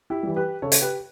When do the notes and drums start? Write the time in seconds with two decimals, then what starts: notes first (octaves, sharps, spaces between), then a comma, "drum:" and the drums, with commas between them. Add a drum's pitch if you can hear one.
0.10 E4 G4
0.23 E3 G3
0.36 G4 B4
0.62 C#3 A4 C#5
0.72 drum: hi-hat
0.81 G4 B4